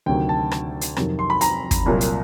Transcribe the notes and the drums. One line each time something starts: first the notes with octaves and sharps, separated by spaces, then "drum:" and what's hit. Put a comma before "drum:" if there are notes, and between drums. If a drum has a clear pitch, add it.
D2 C3 D#3 F#3 G5
A5
drum: rim click
drum: hi-hat
F2 C3 D#3 F#3, drum: rim click
C6
B5
A#5, drum: hi-hat
drum: kick, hi-hat
C2 A#2 F#3
drum: hi-hat